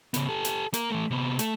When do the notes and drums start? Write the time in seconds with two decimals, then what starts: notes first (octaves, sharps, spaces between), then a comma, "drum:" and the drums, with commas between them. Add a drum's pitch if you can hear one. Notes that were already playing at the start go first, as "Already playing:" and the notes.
0.14 C#3 B3, drum: hi-hat
0.28 G4 A4
0.45 drum: hi-hat
0.74 A#3 A#4, drum: hi-hat
0.91 E3 A3
1.11 C3 B3
1.39 A3, drum: hi-hat